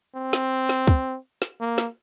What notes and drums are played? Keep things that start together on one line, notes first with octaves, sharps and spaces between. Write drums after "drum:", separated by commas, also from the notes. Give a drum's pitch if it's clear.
C4
drum: snare
drum: snare
drum: kick
drum: snare
A#3
drum: snare